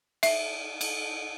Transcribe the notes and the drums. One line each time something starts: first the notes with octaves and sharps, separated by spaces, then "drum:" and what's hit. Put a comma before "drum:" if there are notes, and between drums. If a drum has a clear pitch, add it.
E5, drum: cymbal
drum: cymbal